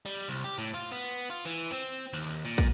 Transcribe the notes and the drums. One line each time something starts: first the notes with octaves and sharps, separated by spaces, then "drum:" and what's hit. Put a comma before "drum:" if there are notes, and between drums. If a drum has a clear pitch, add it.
G3
C2
G4, drum: hi-hat
A2
F4
B3
drum: hi-hat
F4, drum: hi-hat
E3
C4, drum: hi-hat
drum: hi-hat
D#2, drum: hi-hat
A#2
drum: kick, hi-hat